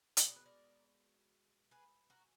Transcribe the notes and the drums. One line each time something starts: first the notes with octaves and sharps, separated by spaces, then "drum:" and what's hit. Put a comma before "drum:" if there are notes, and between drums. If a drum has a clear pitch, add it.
B2 G#3 D#5, drum: hi-hat
D5
B4
A#4 D5
G#4 B4
F#4 A#4